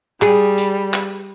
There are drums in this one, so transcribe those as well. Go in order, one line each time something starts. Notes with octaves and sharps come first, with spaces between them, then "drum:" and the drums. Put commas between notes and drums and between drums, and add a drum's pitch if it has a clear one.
G3 G#4, drum: clap
drum: hi-hat
drum: clap